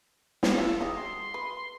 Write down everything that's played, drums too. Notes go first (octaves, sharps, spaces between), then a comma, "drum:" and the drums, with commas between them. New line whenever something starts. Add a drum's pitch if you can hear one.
drum: snare
F4 A4
F#3 G#3 G4 D#5
C6
B4